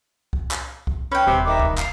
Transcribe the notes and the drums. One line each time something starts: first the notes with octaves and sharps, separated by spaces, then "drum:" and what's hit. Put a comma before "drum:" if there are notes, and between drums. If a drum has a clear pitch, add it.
drum: kick C2
drum: clap
drum: kick C2
C#4 B4 G5
D#1 C3
D#3 E5 A#5 D6
drum: kick C2
F5, drum: clap